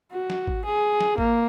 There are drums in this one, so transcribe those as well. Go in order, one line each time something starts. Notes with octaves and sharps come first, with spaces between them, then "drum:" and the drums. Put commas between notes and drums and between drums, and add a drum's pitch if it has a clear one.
F#4
drum: snare
drum: kick G#1
G#4
drum: snare
A#3, drum: kick G#1